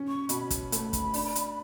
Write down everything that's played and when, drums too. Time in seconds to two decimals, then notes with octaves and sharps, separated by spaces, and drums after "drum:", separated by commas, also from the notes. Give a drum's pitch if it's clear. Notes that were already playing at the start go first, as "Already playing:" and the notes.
Already playing: C#4
0.08 C#6
0.29 B2 B5, drum: hi-hat
0.50 drum: kick, hi-hat
0.72 A3, drum: hi-hat
0.93 drum: kick, hi-hat
1.14 D4, drum: open hi-hat
1.35 drum: hi-hat